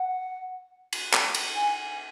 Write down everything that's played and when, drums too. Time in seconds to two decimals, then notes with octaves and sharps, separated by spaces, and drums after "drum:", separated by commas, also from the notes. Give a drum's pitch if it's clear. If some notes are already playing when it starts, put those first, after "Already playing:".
Already playing: F#5
0.93 drum: cymbal
1.14 drum: clap
1.34 drum: cymbal
1.55 G#5